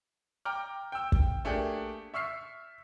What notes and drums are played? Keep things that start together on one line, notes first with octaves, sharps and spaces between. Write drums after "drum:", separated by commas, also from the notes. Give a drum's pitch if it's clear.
G5 A#5 D6 F6
G5 E6
drum: kick
A3 A#3 D4 G4 G#4
E5 C#6 E6 F6 C7 C#7